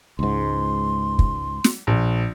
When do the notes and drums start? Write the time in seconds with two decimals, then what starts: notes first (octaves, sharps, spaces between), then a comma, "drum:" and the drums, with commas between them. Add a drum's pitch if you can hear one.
0.19 C#2 G#2 C6
1.19 drum: kick
1.64 drum: snare
1.87 A#1